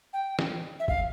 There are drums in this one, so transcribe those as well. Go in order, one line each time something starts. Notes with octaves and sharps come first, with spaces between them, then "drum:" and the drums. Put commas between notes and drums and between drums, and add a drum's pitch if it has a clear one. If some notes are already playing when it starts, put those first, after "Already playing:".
G5
drum: snare
E5
F5, drum: kick G1